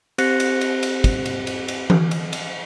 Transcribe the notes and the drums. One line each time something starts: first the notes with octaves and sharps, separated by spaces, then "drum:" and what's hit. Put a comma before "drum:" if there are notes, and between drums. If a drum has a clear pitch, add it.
C4 G4 C5 F#6 A#6 C#7, drum: cymbal
drum: cymbal
drum: cymbal
drum: cymbal
drum: kick, cymbal
drum: cymbal
drum: cymbal
drum: cymbal
drum: tom E3
drum: cymbal
drum: cymbal